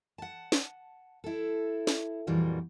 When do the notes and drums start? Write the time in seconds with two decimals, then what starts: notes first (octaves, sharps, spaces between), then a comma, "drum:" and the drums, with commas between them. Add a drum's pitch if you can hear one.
0.18 F#5 A5
0.52 drum: snare
1.24 E4 A4
1.87 drum: snare
2.27 F2 A#2 E3 G3 F#4